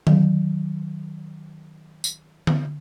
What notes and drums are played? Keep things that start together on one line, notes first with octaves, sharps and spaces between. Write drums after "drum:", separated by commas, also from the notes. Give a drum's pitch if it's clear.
D#3 F#3, drum: tom D3
drum: tambourine
drum: tom D3